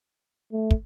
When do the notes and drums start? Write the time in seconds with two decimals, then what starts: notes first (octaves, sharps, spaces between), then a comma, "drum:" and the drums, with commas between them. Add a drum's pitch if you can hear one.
0.53 A3
0.71 drum: kick